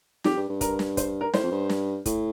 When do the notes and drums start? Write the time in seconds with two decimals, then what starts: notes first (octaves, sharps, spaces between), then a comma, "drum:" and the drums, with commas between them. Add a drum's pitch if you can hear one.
0.24 F2 G4, drum: snare
0.37 G2
0.49 G2
0.61 A#4, drum: kick, hi-hat
0.79 drum: snare
0.97 C5, drum: kick, hi-hat
1.21 A#4
1.33 A2 C5, drum: snare
1.43 F2
1.51 G2
1.69 drum: snare
2.06 A2, drum: kick, hi-hat